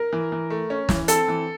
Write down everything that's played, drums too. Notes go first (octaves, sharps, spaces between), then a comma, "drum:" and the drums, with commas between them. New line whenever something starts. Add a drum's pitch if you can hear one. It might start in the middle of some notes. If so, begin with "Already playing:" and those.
Already playing: A#4
E3
E3
A3
C#4
E3, drum: snare
C4 A4, drum: hi-hat
E3